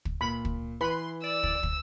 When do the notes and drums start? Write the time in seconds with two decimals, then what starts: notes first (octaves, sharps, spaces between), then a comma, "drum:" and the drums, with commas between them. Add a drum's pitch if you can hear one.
0.05 drum: kick
0.21 A#2 B5
0.45 drum: kick
0.81 E3 B4 B5 C6
1.24 D5 E6
1.43 drum: kick
1.63 drum: kick